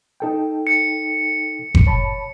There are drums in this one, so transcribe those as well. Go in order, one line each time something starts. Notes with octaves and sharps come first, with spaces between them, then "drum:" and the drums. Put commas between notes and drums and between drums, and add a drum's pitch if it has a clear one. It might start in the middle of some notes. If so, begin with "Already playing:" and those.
D#4 A4 G5
C#7
drum: kick F#1
C#5 A5 B5